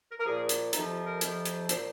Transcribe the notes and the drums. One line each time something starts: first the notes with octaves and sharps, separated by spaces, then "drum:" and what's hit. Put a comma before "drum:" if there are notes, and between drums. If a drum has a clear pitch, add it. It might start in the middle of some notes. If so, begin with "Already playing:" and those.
A#4
A#4
A#2 F3 G#4
drum: hi-hat
F2 C3 F3 D#4, drum: hi-hat
F4
A#4
F2 C3 F3, drum: hi-hat
drum: hi-hat
A#2 F3 C5, drum: hi-hat